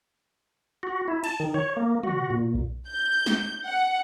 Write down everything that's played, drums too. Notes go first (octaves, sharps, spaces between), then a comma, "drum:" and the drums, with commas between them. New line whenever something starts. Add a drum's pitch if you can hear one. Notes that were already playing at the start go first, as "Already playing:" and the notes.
F#4
E4
A5, drum: cymbal
D#3
C#5
A#3
F#4, drum: tom
A#2
drum: kick B1
G6
drum: snare G#3
F#5